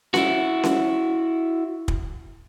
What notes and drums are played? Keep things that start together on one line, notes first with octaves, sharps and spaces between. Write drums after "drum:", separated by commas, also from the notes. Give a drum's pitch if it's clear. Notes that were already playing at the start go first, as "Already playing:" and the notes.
E4 F#4, drum: snare C#4
drum: snare C#4
drum: kick